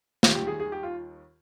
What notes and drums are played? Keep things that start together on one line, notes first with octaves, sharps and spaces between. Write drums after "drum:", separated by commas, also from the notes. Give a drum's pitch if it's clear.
D#2 D#3 G3 F4, drum: snare
G4
G#4
G#4
G4
F4